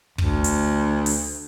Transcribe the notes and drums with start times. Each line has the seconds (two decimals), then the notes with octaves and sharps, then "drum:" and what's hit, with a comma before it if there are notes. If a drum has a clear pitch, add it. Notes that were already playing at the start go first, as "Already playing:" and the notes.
0.18 D2, drum: kick
0.44 drum: hi-hat
1.06 drum: open hi-hat